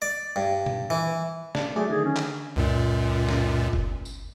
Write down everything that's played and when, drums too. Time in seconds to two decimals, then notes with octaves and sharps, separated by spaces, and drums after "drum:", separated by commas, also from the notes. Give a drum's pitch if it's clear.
0.02 D5
0.36 G2
0.66 drum: tom A#2
0.90 E3
1.55 D4, drum: snare
1.76 F#3 A3 G#4 D5
1.89 D3 D#3 G#4
2.05 C#4
2.16 drum: clap
2.56 C#2 F#2 A#2
3.29 drum: snare
3.73 drum: kick
4.05 drum: tambourine